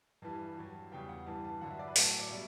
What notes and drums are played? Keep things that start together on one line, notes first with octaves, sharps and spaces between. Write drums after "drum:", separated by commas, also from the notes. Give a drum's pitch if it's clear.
G2 E3 G3 A5
G2 F#3
E2 C#3 G3 G5
F#5
G2 E3 G3 A5
A5
G2 D3 F#3 F#5
E5
D5
B4
A2 F#3 A4, drum: open hi-hat
D5
B2 G3 E5